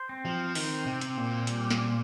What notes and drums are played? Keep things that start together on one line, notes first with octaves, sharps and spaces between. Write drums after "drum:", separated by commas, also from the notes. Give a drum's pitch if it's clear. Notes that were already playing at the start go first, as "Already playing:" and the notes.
Already playing: C5
C4
F3
D#3 C4, drum: open hi-hat
C3
C4, drum: hi-hat
A#2
G3, drum: hi-hat
drum: snare